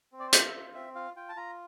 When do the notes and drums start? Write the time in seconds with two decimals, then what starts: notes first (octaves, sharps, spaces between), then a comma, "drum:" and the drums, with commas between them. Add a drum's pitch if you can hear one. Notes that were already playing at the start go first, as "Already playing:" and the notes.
0.12 C4
0.20 D5
0.27 C5
0.33 F4 D5, drum: hi-hat
0.47 E5
0.54 F4
0.74 C4 E5
0.95 F4 F5
1.16 F4 G5
1.29 A5
1.36 F4 A#5